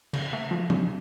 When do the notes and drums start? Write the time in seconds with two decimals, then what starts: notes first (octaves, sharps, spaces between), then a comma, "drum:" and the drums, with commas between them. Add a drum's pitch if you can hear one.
0.13 C#3, drum: cymbal
0.33 A3
0.51 F3
0.70 C#3, drum: tom